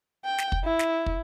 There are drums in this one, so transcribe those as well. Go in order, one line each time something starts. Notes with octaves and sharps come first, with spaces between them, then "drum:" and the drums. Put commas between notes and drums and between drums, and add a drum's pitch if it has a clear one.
G5
drum: snare
drum: kick
E4
drum: snare
drum: kick